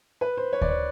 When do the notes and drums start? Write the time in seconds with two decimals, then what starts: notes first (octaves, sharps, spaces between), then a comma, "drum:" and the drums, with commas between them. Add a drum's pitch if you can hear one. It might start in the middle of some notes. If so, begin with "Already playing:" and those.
0.21 B4
0.37 C5
0.53 C#5
0.61 D5, drum: kick D2
0.69 C#5